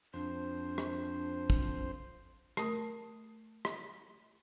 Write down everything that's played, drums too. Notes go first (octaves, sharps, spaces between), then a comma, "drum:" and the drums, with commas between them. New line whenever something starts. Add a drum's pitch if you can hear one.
F2 D4 C5
drum: rim click
drum: kick
A3 A#4 A5 D#6, drum: rim click
drum: rim click